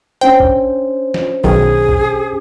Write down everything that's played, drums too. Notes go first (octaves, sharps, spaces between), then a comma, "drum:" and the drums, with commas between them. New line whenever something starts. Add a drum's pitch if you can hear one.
C#4 D4 C5 G5
drum: kick A#1
drum: snare
B1 D#3 G#4
drum: kick A#1